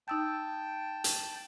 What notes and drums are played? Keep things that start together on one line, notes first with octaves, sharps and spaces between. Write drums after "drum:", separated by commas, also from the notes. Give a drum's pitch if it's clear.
D#4 G5 A5 E6 G6
drum: hi-hat